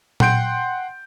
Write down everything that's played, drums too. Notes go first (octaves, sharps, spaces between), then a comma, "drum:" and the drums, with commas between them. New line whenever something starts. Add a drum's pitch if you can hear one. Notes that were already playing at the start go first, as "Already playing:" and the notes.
F#5 G5 C6 G6 D7, drum: tom A#2